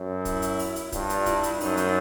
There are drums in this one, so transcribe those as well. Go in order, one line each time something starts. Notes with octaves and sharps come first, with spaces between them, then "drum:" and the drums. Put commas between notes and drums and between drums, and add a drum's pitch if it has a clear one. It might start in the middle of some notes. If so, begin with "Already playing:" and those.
Already playing: F#2
E4, drum: kick, hi-hat
drum: hi-hat
drum: open hi-hat
drum: hi-hat
G2 F4, drum: kick, hi-hat
drum: hi-hat
E4, drum: kick, hi-hat
drum: hi-hat
F#2 D#4, drum: open hi-hat
drum: hi-hat